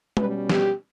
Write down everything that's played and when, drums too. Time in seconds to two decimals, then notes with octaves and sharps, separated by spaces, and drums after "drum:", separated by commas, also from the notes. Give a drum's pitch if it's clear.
0.17 B2 G3 C#4 B4, drum: tom
0.50 G4, drum: snare